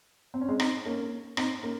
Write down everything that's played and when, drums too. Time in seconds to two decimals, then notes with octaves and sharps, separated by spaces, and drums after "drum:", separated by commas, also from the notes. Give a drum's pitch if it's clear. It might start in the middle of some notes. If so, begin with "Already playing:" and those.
0.34 C4
0.41 C#4
0.49 G#3 C4
0.60 C4 D#4, drum: rim click
0.86 A#3 C#4
1.37 C4 D#4, drum: rim click
1.63 A#3 C#4